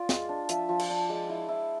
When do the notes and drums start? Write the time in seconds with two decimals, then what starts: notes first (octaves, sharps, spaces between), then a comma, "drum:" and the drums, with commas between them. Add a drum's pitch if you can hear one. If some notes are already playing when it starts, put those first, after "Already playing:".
Already playing: F4 D5
0.09 G#3, drum: snare
0.29 D4
0.49 F3 E5, drum: hi-hat
0.69 F3
0.79 D5, drum: cymbal
0.89 D4
1.10 G#3
1.30 E4
1.48 E4